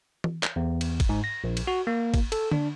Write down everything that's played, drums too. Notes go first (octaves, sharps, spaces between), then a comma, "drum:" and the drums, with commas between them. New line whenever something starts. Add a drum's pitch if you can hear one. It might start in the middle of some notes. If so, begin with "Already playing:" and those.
drum: tom E3
drum: clap
E2
drum: cymbal
drum: kick, cymbal
G#2
A#6
A#1
drum: cymbal
F#4
A#3
drum: kick, cymbal
A4, drum: cymbal
D4, drum: tom D3